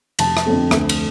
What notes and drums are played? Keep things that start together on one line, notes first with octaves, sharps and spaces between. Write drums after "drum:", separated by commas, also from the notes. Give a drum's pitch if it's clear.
F1 A5, drum: cymbal
drum: rim click
F2 D3 A3 C4
D2, drum: rim click
drum: cymbal